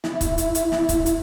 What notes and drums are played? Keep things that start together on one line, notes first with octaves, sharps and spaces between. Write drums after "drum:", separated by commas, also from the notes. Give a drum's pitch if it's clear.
E4, drum: snare
drum: kick, hi-hat
drum: hi-hat
drum: hi-hat
drum: snare
drum: kick, hi-hat
drum: hi-hat